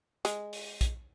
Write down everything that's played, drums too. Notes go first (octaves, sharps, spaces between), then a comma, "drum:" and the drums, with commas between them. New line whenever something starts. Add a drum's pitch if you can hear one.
G#3, drum: hi-hat
drum: open hi-hat
drum: kick A#1, hi-hat